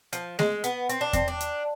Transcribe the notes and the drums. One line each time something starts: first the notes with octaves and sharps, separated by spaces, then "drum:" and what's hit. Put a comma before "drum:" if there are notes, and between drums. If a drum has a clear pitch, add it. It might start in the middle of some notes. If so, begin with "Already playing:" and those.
F3, drum: hi-hat
G#3, drum: snare A3
B3, drum: hi-hat
C4, drum: hi-hat
D4
C4, drum: kick E2, hi-hat
D4
drum: hi-hat